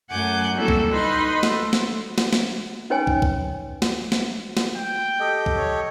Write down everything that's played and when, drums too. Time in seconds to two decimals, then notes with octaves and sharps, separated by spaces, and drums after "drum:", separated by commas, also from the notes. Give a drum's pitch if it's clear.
0.11 F#2 A3 F#5 G#5 D6 G6
0.55 G3 A#3 C4 E4 F#4 A4
0.68 drum: kick
0.91 D#4 B4 D#5 B5 C6
1.43 A3, drum: snare
1.73 drum: snare
2.18 drum: snare
2.33 drum: snare
2.90 C#4 D#4 B4 C#5 G5 G#5
3.07 drum: kick
3.22 drum: kick
3.82 drum: snare
4.12 drum: snare
4.57 drum: snare
4.76 G5
5.20 G4 A4 D#5
5.46 drum: kick
5.57 C#5